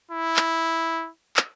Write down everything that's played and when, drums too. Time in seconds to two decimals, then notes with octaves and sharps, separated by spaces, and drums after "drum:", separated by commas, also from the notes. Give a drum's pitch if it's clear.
0.11 E4
0.36 drum: clap
1.37 drum: clap